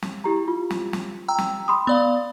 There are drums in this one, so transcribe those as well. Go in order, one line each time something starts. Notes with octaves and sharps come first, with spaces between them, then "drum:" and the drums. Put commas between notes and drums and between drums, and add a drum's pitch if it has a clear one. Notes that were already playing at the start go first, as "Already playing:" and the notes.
drum: snare
E4 G4 A#5
F4
drum: snare
drum: snare
G5 A#5 E6
drum: snare
B5 C6 D#6
B3 D5 F5